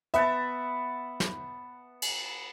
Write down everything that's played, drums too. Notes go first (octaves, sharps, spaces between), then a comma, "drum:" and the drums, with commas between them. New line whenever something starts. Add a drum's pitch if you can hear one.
B3 E5 F#5 A5, drum: hi-hat
drum: snare
drum: cymbal